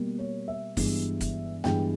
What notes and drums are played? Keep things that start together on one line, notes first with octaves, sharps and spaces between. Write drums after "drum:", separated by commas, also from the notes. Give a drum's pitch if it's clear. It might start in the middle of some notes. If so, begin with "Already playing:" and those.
Already playing: B2 G3 A#3
C#5
E5
G2 E3 G#3 B3, drum: kick, open hi-hat
drum: kick, hi-hat
G2 E3 G#3 B3 G5, drum: snare